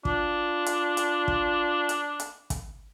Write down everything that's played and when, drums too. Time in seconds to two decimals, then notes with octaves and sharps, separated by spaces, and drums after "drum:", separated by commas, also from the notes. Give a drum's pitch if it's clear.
0.05 D4 F4, drum: kick
0.66 drum: hi-hat
0.97 drum: hi-hat
1.28 drum: kick
1.89 drum: hi-hat
2.20 drum: hi-hat
2.50 drum: kick, hi-hat